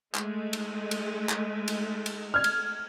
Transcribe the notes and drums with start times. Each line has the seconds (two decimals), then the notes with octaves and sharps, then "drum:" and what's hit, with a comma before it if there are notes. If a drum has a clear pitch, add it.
0.15 G#3 A3, drum: clap
0.53 drum: cymbal
0.91 drum: cymbal
1.29 drum: clap
1.68 drum: cymbal
2.06 drum: cymbal
2.34 F6 G#6
2.44 drum: cymbal